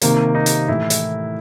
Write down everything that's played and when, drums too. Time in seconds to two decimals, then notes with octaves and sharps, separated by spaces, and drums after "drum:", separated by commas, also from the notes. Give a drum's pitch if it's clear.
0.01 C3 D#3 A#3, drum: hi-hat
0.35 D#4
0.46 drum: hi-hat
0.68 A2 E3 E4
0.90 drum: hi-hat